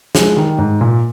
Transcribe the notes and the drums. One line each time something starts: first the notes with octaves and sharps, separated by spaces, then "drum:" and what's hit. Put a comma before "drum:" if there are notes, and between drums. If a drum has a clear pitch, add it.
F3 G#3, drum: snare
D#3 G3
G#2
A#2